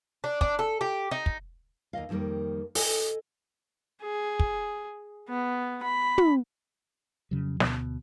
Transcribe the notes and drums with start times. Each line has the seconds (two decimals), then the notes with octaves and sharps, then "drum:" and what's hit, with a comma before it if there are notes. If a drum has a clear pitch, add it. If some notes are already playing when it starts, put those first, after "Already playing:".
0.24 D4
0.41 D4, drum: kick
0.59 A4
0.81 G4
1.11 D#4
1.26 drum: kick
1.93 D#2 F3 D#5 F5
2.09 F2 D#3 F#3 G3 A#3
2.75 A4 D#5 G#5, drum: open hi-hat
4.02 G#4
4.39 drum: kick
5.29 B3
5.83 B5
6.18 drum: tom
7.31 F2 C#3 F#3
7.60 D2 B2, drum: snare